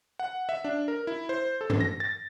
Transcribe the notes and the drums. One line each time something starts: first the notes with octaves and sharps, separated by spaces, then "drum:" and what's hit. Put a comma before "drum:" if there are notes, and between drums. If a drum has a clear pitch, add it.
F#5
E5
D4
A#4
E4
C5
A4
drum: tom
A#6
A6